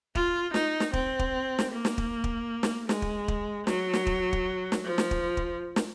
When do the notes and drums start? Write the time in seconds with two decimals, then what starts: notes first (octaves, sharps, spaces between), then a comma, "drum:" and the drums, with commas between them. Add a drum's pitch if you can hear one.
0.15 F4, drum: kick
0.54 D#4, drum: snare
0.80 drum: snare
0.93 C4, drum: kick
1.19 drum: kick
1.59 drum: snare
1.72 A#3
1.85 drum: snare
1.98 drum: kick
2.24 drum: kick
2.63 drum: snare
2.89 G#3, drum: snare
3.02 drum: kick
3.28 drum: kick
3.67 F#3, drum: snare
3.93 drum: snare
4.07 drum: kick
4.33 drum: kick
4.72 drum: snare
4.85 F3
4.98 drum: snare
5.11 drum: kick
5.37 drum: kick
5.76 drum: snare